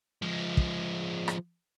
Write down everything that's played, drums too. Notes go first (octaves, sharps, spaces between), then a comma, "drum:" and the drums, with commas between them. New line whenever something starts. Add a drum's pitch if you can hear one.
F3 G#3
drum: kick
drum: rim click